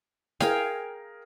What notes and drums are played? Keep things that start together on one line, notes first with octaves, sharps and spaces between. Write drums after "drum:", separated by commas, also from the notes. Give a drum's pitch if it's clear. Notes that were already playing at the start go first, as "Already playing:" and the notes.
G#4 A#4 F5 G5 G#5, drum: snare E4